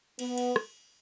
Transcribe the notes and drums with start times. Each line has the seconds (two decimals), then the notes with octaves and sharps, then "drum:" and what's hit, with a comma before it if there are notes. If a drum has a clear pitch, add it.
0.19 B3, drum: cymbal
0.38 drum: cymbal
0.56 drum: rim click